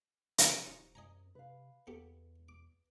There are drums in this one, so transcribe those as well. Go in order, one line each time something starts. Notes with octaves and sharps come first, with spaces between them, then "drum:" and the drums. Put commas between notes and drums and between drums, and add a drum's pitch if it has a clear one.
drum: hi-hat
C3 C4 G4 C5
D1 C#4 D#4 F4
F#2 D#5 G#5 A#5
C3 B4 F5
E2 B3 G4 A4
D6